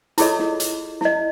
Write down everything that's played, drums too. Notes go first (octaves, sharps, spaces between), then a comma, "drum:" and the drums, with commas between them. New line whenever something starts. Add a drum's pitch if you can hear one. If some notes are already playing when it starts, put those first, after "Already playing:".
E4 F4 G#4 A4 C#5 D#5, drum: hi-hat
drum: snare
drum: hi-hat
E4 D#5, drum: snare